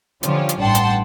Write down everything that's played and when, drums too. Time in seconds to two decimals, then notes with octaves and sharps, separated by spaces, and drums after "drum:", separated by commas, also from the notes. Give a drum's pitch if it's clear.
0.23 D3 F3 G3 C#4 F4 C#5, drum: hi-hat
0.49 drum: hi-hat
0.58 A1 G2 F#5 G5 A5 C6
0.75 drum: hi-hat